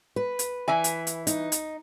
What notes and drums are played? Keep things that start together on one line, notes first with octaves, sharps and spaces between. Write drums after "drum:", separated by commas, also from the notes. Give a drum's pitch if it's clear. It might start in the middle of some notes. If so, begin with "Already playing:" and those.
B4
drum: hi-hat
E3 E5 G#5
drum: hi-hat
drum: hi-hat
D#4, drum: hi-hat
drum: hi-hat